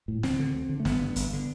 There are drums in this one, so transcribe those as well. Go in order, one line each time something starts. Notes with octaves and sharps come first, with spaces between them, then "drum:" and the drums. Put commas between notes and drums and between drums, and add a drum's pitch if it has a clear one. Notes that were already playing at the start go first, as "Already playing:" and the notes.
A2
D2 C4, drum: snare
D3
D2
D3
A3
G1 B3, drum: snare
G2 D3
G1, drum: hi-hat
D3